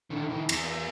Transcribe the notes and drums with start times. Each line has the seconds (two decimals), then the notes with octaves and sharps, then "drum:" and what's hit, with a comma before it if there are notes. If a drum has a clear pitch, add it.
0.10 D3 D#3
0.29 D#3 E3
0.49 E2, drum: cymbal